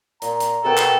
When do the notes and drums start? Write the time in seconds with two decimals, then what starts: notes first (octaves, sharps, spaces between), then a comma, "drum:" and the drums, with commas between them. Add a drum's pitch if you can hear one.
0.22 A#2 A#5, drum: hi-hat
0.40 drum: hi-hat
0.65 B2 A4 A#4 F#5 G5
0.77 drum: clap